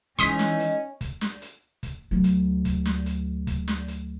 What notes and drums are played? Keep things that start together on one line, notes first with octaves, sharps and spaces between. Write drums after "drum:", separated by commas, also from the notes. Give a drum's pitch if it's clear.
E3 G#3 C#4 D#4 C6 D#6 B6, drum: kick, hi-hat
drum: snare
drum: hi-hat
drum: kick, hi-hat
drum: snare
drum: hi-hat
drum: kick, hi-hat
D2 F#3
drum: hi-hat
drum: kick, hi-hat
drum: snare
drum: hi-hat
drum: kick, hi-hat
drum: snare
drum: hi-hat